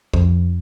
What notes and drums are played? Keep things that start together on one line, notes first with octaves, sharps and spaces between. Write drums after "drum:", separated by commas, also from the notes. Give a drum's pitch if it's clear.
F2, drum: kick